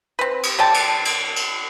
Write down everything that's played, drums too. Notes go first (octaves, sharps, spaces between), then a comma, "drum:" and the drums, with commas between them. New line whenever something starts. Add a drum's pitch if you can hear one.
C4 B4
drum: cymbal
D3 D5 G5 A5
drum: cymbal
drum: cymbal
drum: cymbal